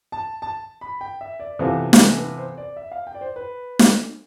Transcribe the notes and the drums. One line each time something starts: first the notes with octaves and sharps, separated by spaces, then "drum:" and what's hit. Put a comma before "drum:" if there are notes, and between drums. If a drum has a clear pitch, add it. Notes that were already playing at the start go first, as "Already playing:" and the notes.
A5
A5
B5
G5
E5
D5
C3 E3 B3 F4 A4 C5
drum: snare
B4
C5
D5
E5
F5
G5
D5
C5
B4
drum: snare